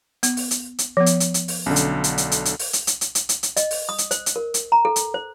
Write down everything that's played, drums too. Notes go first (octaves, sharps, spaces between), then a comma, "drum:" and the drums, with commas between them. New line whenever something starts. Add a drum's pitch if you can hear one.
B3, drum: hi-hat
drum: open hi-hat
drum: hi-hat
drum: hi-hat
F3 B3
drum: hi-hat
drum: hi-hat
drum: hi-hat
drum: open hi-hat
B1 D3 C#4
drum: hi-hat
drum: hi-hat
drum: hi-hat
drum: hi-hat
drum: hi-hat
drum: open hi-hat
drum: hi-hat
drum: hi-hat
drum: hi-hat
drum: hi-hat
drum: hi-hat
drum: hi-hat
D#5, drum: hi-hat
drum: open hi-hat
D#6
drum: hi-hat
C5, drum: hi-hat
drum: hi-hat
A#4
drum: hi-hat
A#5
A4
drum: hi-hat
C5